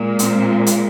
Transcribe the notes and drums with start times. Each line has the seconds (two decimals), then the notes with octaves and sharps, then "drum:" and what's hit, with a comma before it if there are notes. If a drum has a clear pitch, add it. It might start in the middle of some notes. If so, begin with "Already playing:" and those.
Already playing: A#2 G#3
0.19 C4, drum: hi-hat
0.66 drum: hi-hat